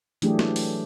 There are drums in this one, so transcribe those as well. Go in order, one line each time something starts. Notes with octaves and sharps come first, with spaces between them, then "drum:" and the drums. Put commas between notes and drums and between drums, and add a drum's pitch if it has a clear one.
E3 F#3 A3 D4 G4 G#4, drum: hi-hat
drum: snare
drum: open hi-hat